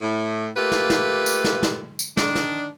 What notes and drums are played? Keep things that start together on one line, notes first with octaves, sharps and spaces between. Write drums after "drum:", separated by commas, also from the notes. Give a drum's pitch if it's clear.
A2
A3 A#3 F4 G4 B4
drum: snare
drum: snare
drum: tambourine
drum: snare
drum: snare
drum: tambourine
D#3 D4, drum: snare
drum: snare